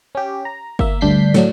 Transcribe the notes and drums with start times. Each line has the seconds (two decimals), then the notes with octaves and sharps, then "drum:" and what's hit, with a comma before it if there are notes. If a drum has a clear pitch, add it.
0.15 C#4 G4
0.45 A#5
0.79 A#3 E5, drum: kick G1
1.01 D2 G2 D4 G6 B6 C7
1.34 A2 F#3 D4, drum: snare